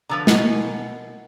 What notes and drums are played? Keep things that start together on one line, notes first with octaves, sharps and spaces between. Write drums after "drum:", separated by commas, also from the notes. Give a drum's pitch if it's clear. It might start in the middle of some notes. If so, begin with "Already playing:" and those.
D3 F3 B4 A#5 E6 F7
B2 A#4 D#5 F#5 G#5, drum: snare